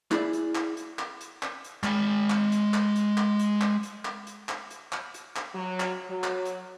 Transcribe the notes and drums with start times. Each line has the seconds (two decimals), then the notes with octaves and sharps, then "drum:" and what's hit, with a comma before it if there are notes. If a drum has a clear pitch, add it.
0.11 E4 G#4 D5 E5, drum: clap
0.33 drum: hi-hat
0.55 drum: clap
0.77 drum: hi-hat
0.99 drum: clap
1.21 drum: hi-hat
1.43 drum: clap
1.64 drum: hi-hat
1.84 G#3 B5, drum: clap
2.30 drum: clap
2.52 drum: hi-hat
2.74 drum: clap
2.96 drum: hi-hat
3.17 drum: clap
3.39 drum: hi-hat
3.61 drum: clap
3.83 drum: hi-hat
4.05 drum: clap
4.27 drum: hi-hat
4.49 drum: clap
4.71 drum: hi-hat
4.92 drum: clap
5.14 drum: hi-hat
5.36 drum: clap
5.55 F#3
5.80 drum: clap
6.11 F#3
6.24 drum: clap
6.45 drum: hi-hat